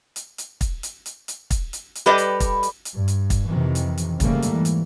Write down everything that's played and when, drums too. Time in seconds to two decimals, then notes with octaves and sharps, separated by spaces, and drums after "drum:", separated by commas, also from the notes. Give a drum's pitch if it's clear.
0.16 drum: hi-hat
0.38 drum: hi-hat
0.61 drum: kick, hi-hat
0.83 drum: hi-hat
1.06 drum: hi-hat
1.28 drum: hi-hat
1.51 drum: kick, hi-hat
1.73 drum: hi-hat
1.95 drum: hi-hat
2.06 G3 G4 A4 B4 D5 D#5
2.18 drum: hi-hat
2.40 drum: kick, hi-hat
2.63 drum: hi-hat
2.85 drum: hi-hat
2.95 G2
3.08 drum: hi-hat
3.30 drum: kick, hi-hat
3.46 F2 C3 D#3 E3
3.75 drum: hi-hat
3.98 drum: hi-hat
4.20 G#2 C#3 G3 A3 A#3, drum: kick, hi-hat
4.42 drum: hi-hat
4.52 E3
4.65 drum: hi-hat